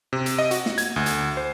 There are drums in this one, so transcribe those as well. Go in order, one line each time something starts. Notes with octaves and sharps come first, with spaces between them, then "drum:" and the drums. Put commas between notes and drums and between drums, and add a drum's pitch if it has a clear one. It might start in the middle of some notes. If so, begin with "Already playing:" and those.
C3
drum: hi-hat
D#5
F#4, drum: hi-hat
drum: snare
G#6, drum: hi-hat
D2
drum: hi-hat
C5